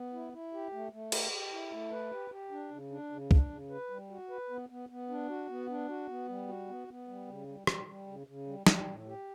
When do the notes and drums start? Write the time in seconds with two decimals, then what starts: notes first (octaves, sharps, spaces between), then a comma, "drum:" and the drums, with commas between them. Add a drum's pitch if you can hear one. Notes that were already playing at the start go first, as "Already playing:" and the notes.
Already playing: B3
0.13 E4
0.33 E4
0.53 G4
0.72 A3
0.93 A3
1.12 G4, drum: cymbal
1.32 G4
1.52 E4
1.72 A3
1.91 B4
2.12 G4
2.31 G4
2.51 D4
2.71 C#3
2.90 D4
3.11 C#3
3.31 D4, drum: kick C2
3.50 C#3
3.70 B4
3.90 G3
4.10 F#4
4.30 B4
4.50 B3
4.69 B3
4.89 B3
5.09 D4
5.29 F#4
5.49 B3
5.69 D4
5.89 F#4
6.08 B3
6.29 G3
6.48 F#4
6.68 B3
6.88 B3
7.08 G3
7.28 C#3
7.47 G3
7.67 G3, drum: rim click
7.87 G3
8.07 C#3
8.27 C#3
8.47 G3
8.67 G3, drum: snare
8.86 A2
9.06 G4